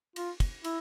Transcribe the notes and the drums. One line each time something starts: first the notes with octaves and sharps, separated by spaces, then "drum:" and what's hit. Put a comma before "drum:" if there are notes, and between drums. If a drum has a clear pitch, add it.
F4, drum: cymbal
drum: kick, cymbal
E4, drum: cymbal